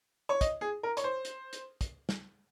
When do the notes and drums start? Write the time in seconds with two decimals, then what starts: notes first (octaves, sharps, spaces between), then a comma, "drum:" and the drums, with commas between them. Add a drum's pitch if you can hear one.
0.29 C#5
0.41 D#5, drum: kick, hi-hat
0.61 G#4
0.83 A#4
0.97 C#5, drum: hi-hat
1.04 C5
1.25 drum: hi-hat
1.53 drum: hi-hat
1.81 drum: kick, hi-hat
2.09 drum: snare